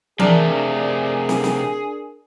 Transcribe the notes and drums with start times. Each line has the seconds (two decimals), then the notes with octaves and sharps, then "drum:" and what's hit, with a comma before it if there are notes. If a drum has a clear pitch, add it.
0.19 C3 A3 D4 G#4 A#4, drum: tom E3
1.29 drum: snare
1.44 drum: snare